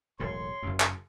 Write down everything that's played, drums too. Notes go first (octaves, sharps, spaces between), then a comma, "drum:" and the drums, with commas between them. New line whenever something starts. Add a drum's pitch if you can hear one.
E1 B1 A2 C#5 C6
F#1 F#2
drum: clap